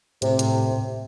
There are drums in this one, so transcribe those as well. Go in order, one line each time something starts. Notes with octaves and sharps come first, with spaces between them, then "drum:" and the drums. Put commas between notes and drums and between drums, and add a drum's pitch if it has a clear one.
A2 C3, drum: hi-hat
drum: hi-hat